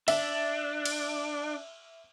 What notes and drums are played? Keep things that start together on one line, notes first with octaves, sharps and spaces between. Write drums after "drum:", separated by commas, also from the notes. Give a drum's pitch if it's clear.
D4 E5, drum: cymbal
drum: cymbal